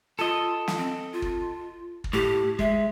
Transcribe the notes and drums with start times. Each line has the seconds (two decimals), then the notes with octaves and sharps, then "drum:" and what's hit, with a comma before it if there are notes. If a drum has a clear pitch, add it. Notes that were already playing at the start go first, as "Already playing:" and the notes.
0.19 F4 A4 D#5
0.68 drum: snare
0.77 C4
1.13 F4
1.22 drum: kick
2.04 drum: kick
2.13 A2 G4
2.59 G#3 E5, drum: kick